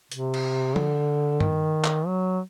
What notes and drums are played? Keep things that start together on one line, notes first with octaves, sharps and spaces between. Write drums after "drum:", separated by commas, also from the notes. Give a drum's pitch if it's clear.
C3, drum: hi-hat
drum: cymbal
D3, drum: tom F3
D#3, drum: tom G2
drum: clap
F#3